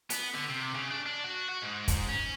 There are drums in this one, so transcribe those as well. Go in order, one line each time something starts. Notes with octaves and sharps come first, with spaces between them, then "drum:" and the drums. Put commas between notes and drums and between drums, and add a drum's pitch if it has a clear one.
B3, drum: hi-hat
D3
C3
C#3
D4
D4
F#4
F#4
G#2
drum: kick, hi-hat
C#4